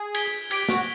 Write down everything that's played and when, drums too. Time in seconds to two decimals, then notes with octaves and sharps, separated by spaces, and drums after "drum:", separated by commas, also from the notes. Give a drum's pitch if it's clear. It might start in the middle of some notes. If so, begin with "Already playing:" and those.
Already playing: G#4
0.15 G#6 B6 D7 G7, drum: cymbal
0.51 G4 G#6 B6 D7 G7, drum: cymbal
0.69 F#4, drum: snare